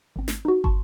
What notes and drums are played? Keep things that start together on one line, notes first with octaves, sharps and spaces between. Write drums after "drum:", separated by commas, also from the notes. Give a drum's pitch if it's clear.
G#1 C4
drum: snare
D#4 F#4
A5 C6 C#6, drum: kick